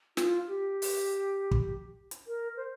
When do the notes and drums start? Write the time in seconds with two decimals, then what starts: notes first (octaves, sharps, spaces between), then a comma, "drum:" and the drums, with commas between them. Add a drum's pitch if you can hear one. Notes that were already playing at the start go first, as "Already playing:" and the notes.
0.17 F4, drum: snare
0.47 G4
0.82 drum: open hi-hat
1.51 drum: kick
2.11 drum: hi-hat
2.27 A#4
2.57 C5